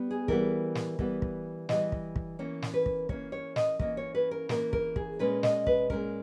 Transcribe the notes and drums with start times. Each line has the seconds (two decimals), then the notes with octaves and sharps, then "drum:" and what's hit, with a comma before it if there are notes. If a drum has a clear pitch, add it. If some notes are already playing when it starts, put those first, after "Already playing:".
Already playing: G3 B3
0.11 G#4
0.28 E3 G3 B3 A#4, drum: kick
0.75 drum: snare
0.99 E3 G3 B3, drum: kick
1.22 drum: kick
1.69 E3 G3 B3 D#5, drum: snare
1.92 drum: kick
2.16 drum: kick
2.39 E3 A#3 C#4 C#5
2.62 drum: snare
2.74 B4
2.86 drum: kick
3.09 E3 A#3 C#4 C#5, drum: kick
3.32 C#5
3.56 D#5, drum: snare
3.80 E3 A#3 C#4 D#5, drum: kick
3.97 C#5
4.15 B4
4.31 A#4
4.49 E3 A#3 C#4 A#4, drum: snare
4.73 A#4, drum: kick
4.96 G#4, drum: kick
5.19 A#2 G#3 C#4 B4
5.43 D#5, drum: snare
5.67 B4, drum: kick
5.90 A#2 G#3 C#4 A#4, drum: kick